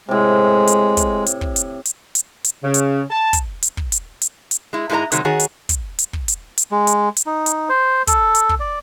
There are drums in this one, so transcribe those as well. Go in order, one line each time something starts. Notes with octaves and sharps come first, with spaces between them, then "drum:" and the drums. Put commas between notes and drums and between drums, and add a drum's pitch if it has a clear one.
A2 C3 G#3
drum: hi-hat
drum: kick, hi-hat
drum: hi-hat
drum: kick
drum: hi-hat
drum: hi-hat
drum: hi-hat
drum: hi-hat
C#3
drum: hi-hat
A5
drum: kick, hi-hat
drum: hi-hat
drum: kick
drum: hi-hat
drum: hi-hat
drum: hi-hat
G#3 E4
G#2 G#3 E4 A4 D#5 A#5
C3 D#3 F#3 G#3, drum: hi-hat
D#3 F#4 G#4 C#5
drum: hi-hat
drum: kick, hi-hat
drum: hi-hat
drum: kick
drum: hi-hat
drum: hi-hat
G#3
drum: hi-hat
drum: hi-hat
D#4
drum: hi-hat
C5
A4, drum: kick, hi-hat
drum: hi-hat
drum: kick
D5